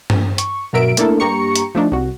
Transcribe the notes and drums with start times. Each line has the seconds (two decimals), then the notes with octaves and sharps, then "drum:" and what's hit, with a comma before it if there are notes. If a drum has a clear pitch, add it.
0.10 drum: tom G2
0.38 C#6, drum: hi-hat
0.73 G2 B2 F#3 A#4 E5 D7
0.97 A3 A#3 D4 E4 A4 A#4, drum: hi-hat
1.20 G2 A#3 G4 A#5 C#6 C#7
1.56 drum: hi-hat
1.75 F3 A3 D4 D#4
1.92 C2 F#4